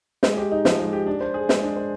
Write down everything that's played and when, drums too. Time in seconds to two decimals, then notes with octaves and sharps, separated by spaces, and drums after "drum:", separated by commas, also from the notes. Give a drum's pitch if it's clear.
0.23 G#3, drum: snare
0.37 G4
0.52 D#4
0.65 F3, drum: snare
0.79 G#3
0.93 G4
1.06 D4
1.21 C5
1.34 G#4
1.49 G#3, drum: snare
1.62 D4
1.76 C5